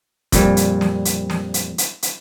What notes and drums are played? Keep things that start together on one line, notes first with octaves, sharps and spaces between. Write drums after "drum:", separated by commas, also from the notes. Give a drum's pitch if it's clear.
F2 A#2 G3, drum: kick F1, hi-hat
drum: hi-hat
drum: snare
drum: hi-hat
drum: snare
drum: hi-hat
drum: hi-hat
drum: hi-hat